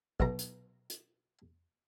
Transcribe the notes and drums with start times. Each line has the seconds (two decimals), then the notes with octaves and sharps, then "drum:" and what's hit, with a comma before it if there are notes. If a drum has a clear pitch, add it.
0.20 B1 B2 A#5, drum: kick
0.39 drum: hi-hat
0.90 drum: hi-hat